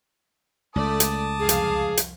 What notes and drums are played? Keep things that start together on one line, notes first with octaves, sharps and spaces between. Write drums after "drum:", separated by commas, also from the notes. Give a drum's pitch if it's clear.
C#2 A3 D5 A5 D6 D#6
drum: hi-hat
C2 F2 G#4 F5
drum: hi-hat
drum: hi-hat